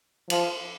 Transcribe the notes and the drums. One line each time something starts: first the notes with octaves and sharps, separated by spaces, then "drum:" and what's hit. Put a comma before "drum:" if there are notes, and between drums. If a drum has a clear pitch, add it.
F3, drum: cymbal